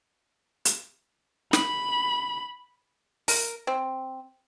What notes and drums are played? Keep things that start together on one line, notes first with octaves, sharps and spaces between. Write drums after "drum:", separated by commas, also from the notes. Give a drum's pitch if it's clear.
drum: hi-hat
B5, drum: snare
A#4, drum: open hi-hat
C4